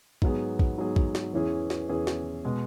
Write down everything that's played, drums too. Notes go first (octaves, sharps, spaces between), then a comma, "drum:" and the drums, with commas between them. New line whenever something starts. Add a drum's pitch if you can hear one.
G#2 F#3 B3 G#4, drum: kick A#1
drum: kick A#1
G#2 F#3 B3 G#4
drum: kick A#1
drum: snare
E2 E3 C#4 G#4
drum: snare
E2 E3 C#4 G#4
drum: snare
B2 G#3